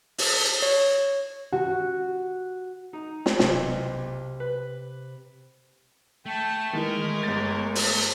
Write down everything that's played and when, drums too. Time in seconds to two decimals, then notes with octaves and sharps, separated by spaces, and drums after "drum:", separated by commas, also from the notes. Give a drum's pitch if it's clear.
0.18 drum: open hi-hat
0.62 C#5
1.52 F#4
2.93 D#4
3.26 drum: snare
3.39 B1 C3, drum: snare
4.40 B4
6.26 A3 G5 A5
6.73 D#3 E3 G#3 A#4
7.23 G1 A6
7.75 drum: open hi-hat